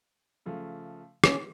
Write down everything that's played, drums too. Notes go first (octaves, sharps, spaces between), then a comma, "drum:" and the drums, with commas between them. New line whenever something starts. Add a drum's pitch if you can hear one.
C#3 F3 A3
C#4, drum: rim click